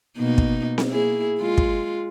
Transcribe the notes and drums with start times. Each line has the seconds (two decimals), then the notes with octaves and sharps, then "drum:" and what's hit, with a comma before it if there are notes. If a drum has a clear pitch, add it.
0.18 B2 A#3 D#4
0.38 drum: kick
0.78 drum: snare C4
0.89 A#3 E4 G#4
1.39 G#3 F4
1.58 drum: kick